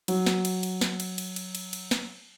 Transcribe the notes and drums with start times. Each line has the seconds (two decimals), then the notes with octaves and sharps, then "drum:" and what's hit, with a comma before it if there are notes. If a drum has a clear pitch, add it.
0.08 F#3, drum: cymbal
0.26 drum: snare
0.45 drum: cymbal
0.63 drum: cymbal
0.81 drum: snare
1.00 drum: cymbal
1.18 drum: cymbal
1.36 drum: cymbal
1.55 drum: cymbal
1.73 drum: cymbal
1.91 drum: snare